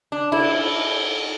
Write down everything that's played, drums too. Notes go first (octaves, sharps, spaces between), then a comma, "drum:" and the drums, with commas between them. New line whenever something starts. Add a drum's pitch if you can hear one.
D4
E4, drum: cymbal